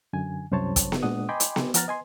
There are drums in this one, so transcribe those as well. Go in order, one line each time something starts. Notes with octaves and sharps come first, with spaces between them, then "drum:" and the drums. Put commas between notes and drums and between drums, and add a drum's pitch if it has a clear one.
F#2 D3 G#5
C2 F#2 C5 C#5 A5
drum: kick, hi-hat
drum: snare B3
A#2 G#3 D4 F#5 D#6
D#5 G5 G#5 B5 C6 D6
drum: hi-hat
drum: snare B3
F3 F#5 A#5 F6 A6, drum: hi-hat
D#5 G#5 C6